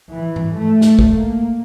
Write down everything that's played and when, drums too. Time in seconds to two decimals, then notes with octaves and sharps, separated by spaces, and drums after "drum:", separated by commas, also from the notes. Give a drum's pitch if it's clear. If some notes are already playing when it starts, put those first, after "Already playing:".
0.12 E3
0.36 drum: tom G#2
0.56 A3
0.81 drum: snare
0.99 drum: kick
1.12 A#3